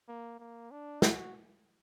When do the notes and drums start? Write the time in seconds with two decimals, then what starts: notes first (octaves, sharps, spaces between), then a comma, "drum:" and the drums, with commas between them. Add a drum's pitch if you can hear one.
0.09 A#3
0.39 A#3
0.71 D4
1.02 F#4, drum: snare